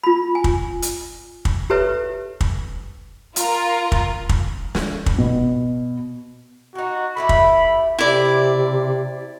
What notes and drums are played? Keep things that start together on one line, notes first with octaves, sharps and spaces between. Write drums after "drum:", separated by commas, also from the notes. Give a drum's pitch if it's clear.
F4 B5
G#5
drum: kick
drum: hi-hat
drum: kick
G4 A4 B4 C#5 E5
drum: kick
F4 A#4, drum: hi-hat
drum: kick
drum: kick
drum: snare
drum: kick
B2
D#4 F#4 G4
A3 E4 G4 B5
drum: kick
C3 E4 D5